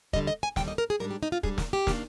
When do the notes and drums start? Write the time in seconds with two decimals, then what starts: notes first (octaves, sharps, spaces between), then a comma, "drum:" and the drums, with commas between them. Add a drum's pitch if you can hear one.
0.13 D#2 D3 G3 D#5, drum: kick
0.27 D#5
0.43 G#5
0.56 D#2 D3 G3 G5, drum: snare
0.68 D#5
0.78 A#4
0.90 G#4
1.00 G#2 G3 D4 A#4
1.11 G4
1.23 D#4
1.32 F4
1.43 G#2 G3 D4 G#4, drum: kick
1.58 A#4, drum: snare
1.73 G4
1.87 D#3 A#3 D4, drum: snare